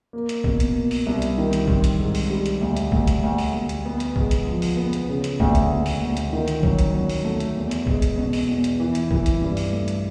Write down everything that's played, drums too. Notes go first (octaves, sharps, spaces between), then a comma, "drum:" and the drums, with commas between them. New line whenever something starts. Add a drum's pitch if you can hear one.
A#3
drum: hi-hat
B2, drum: kick A#1
drum: hi-hat
A#3
drum: open hi-hat
C2
drum: hi-hat
D#3
drum: hi-hat
C4, drum: kick A#1
drum: hi-hat
G#2
drum: open hi-hat
G3
drum: hi-hat
D2
drum: hi-hat
D2, drum: kick A#1
drum: hi-hat
D2
drum: open hi-hat
D2
drum: hi-hat
B3
drum: hi-hat
G#3, drum: kick A#1
drum: hi-hat
F3
drum: open hi-hat
B3
drum: hi-hat
C#3
drum: hi-hat
D2, drum: kick A#1
drum: hi-hat
D2
drum: open hi-hat
D2
drum: hi-hat
D#3
drum: hi-hat
F#3, drum: kick A#1
drum: hi-hat
F#3
drum: open hi-hat
A3
drum: hi-hat
E2
drum: hi-hat
G#3, drum: kick A#1
drum: hi-hat
B2
drum: open hi-hat
E2
drum: hi-hat
E3
drum: hi-hat
E3, drum: kick A#1
drum: hi-hat
G2
drum: open hi-hat
A3
drum: hi-hat